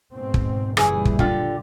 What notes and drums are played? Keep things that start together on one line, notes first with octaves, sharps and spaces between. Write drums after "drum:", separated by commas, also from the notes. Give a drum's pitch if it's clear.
G#2 B2 C4
drum: kick
F#1 A#2 E3 G3 E4 G#4, drum: rim click
drum: kick
D3 F4 G4, drum: kick